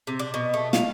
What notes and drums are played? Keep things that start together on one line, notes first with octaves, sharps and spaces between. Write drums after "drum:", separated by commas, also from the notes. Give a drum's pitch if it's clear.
C3
D4
B2
A3
F5, drum: snare